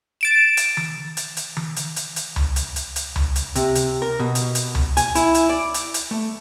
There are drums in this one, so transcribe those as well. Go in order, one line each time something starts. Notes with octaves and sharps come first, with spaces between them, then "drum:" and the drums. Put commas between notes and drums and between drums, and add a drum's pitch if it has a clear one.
A6 D7 E7
drum: hi-hat
drum: tom D#3
drum: hi-hat
drum: hi-hat
drum: tom D#3
drum: hi-hat
drum: hi-hat
drum: hi-hat
drum: tom C#2
drum: hi-hat
drum: hi-hat
drum: hi-hat
drum: tom C#2
drum: hi-hat
C3, drum: hi-hat
drum: hi-hat
A#4
B2
drum: hi-hat
drum: hi-hat
drum: tom C#2
G#5, drum: hi-hat
E4, drum: hi-hat
drum: hi-hat
D5
drum: hi-hat
drum: hi-hat
A3